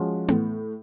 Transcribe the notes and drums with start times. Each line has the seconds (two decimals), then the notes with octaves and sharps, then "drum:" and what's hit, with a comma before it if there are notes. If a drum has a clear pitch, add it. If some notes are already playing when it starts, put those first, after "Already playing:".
Already playing: F3 G#3 C#4 F#4
0.28 A2, drum: tom B3